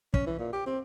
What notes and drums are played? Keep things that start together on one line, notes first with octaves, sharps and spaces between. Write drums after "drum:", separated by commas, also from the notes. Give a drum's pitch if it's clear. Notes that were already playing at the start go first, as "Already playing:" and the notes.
C#4, drum: kick
E3
A#2
G4
C4